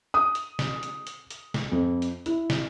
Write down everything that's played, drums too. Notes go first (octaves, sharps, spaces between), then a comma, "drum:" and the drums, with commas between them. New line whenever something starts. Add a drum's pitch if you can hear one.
D#6
drum: hi-hat
drum: snare
drum: hi-hat
drum: hi-hat
drum: hi-hat
drum: snare
F2
drum: hi-hat
E4, drum: hi-hat
drum: snare